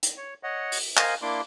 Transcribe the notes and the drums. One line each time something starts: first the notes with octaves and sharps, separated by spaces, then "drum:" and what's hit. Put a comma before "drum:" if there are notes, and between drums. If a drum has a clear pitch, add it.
drum: hi-hat
C#5
C#5 D#5 F#5
drum: open hi-hat
A#4 C5 D#5 F5 G#5, drum: clap
A#3 D4 E4 D5 C6 D6